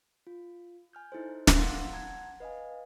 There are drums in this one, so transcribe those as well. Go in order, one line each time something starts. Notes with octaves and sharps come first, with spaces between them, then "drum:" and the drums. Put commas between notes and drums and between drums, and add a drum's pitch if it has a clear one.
F4
G#5 F6 G6
D#4 E4 A4 C5
drum: snare
F5 F#5 C6 E6 A6
F#5 A5 A#5 G#6
B4 D#5 F5 G#5